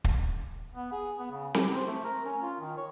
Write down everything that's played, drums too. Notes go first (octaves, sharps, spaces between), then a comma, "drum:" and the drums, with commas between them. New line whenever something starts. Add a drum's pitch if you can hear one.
drum: kick
B3
G#4
B3
C#3
G4, drum: snare C4
C5
A3
A#4
C#4
F4
D#3
C#5